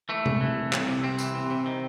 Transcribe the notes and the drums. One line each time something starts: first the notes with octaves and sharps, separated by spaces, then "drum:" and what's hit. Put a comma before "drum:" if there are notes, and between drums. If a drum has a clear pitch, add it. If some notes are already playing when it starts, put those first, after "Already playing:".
E3 A3
C2, drum: tom C3
E3
C2
C2, drum: clap
C3
C2 C4
E3, drum: tambourine
C3
C3
D#3